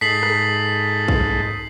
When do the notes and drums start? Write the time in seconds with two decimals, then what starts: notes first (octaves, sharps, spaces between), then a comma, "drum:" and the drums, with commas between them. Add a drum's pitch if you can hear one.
0.01 G#2 D#4 A4 B6 C7 F#7
0.23 drum: rim click
1.08 drum: kick